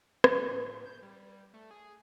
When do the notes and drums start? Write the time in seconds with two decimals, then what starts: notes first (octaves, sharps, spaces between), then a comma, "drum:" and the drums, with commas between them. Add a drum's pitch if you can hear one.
0.24 D5, drum: rim click
0.47 A2
0.86 G6
1.02 G3
1.54 A3
1.71 G#4